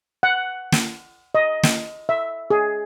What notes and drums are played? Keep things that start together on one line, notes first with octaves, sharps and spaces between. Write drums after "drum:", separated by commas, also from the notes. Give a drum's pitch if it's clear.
F#5
drum: snare
D#5
drum: snare
E5
G#4